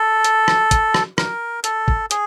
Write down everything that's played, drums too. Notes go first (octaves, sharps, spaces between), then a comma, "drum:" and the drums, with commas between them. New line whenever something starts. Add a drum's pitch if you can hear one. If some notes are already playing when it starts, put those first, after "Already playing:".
Already playing: A4
drum: hi-hat
drum: rim click
drum: kick, hi-hat
drum: rim click
A#4, drum: rim click
A4, drum: hi-hat
drum: kick
G#4, drum: hi-hat